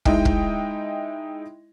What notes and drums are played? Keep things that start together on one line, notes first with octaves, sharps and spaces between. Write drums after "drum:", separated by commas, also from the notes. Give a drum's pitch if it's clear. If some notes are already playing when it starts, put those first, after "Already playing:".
G#3 D#4 E4 D#5 G5, drum: kick
drum: kick